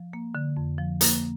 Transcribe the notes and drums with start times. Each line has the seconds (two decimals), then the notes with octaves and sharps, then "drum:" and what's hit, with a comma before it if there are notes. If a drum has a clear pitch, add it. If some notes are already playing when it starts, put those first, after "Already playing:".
Already playing: F3
0.13 A#3
0.35 D3
0.57 F2
0.78 F3
1.01 A#3, drum: hi-hat